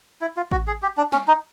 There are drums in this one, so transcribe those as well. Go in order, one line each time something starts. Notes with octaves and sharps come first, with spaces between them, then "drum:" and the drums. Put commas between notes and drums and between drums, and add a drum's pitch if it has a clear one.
E4
F4
F#4, drum: kick A1
G#4
G4
D4
C#4, drum: snare
D#4